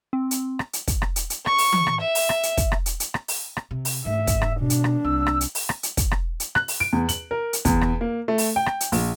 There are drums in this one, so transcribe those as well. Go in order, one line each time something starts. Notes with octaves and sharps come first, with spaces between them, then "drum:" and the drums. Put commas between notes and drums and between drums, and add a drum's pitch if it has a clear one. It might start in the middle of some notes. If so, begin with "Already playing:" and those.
C4
drum: hi-hat
drum: rim click
drum: hi-hat
drum: kick, hi-hat
drum: rim click
drum: hi-hat
drum: hi-hat
C#6, drum: rim click
drum: open hi-hat
drum: tom E3
drum: rim click
E5
drum: open hi-hat
drum: rim click
drum: hi-hat
drum: kick, hi-hat
drum: rim click
drum: hi-hat
drum: hi-hat
drum: rim click
drum: open hi-hat
drum: rim click
C3
drum: open hi-hat
G#2 A3 E5
drum: kick, hi-hat
drum: rim click
B2 D4
drum: hi-hat
drum: rim click
C2 E6
drum: rim click
drum: hi-hat
drum: open hi-hat
drum: rim click
drum: hi-hat
drum: kick, hi-hat
drum: rim click
drum: hi-hat
F#6, drum: rim click
drum: open hi-hat
D7
E2
F#7, drum: hi-hat
A#4
drum: hi-hat
E2, drum: kick, hi-hat
drum: rim click
A#3
A3
drum: open hi-hat
G5
drum: rim click
drum: hi-hat
A#1, drum: open hi-hat